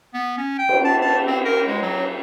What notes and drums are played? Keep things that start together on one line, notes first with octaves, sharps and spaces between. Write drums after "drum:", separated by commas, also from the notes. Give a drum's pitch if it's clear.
B3
C#4
G5
drum: cymbal
A5
A5
C4
A#4
G#3
F#3